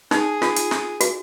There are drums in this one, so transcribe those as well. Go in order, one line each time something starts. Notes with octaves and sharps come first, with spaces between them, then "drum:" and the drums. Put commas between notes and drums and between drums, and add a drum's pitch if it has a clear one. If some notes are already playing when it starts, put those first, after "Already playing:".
D#4 G#4, drum: snare
F4, drum: snare
drum: hi-hat
drum: snare
F#4, drum: hi-hat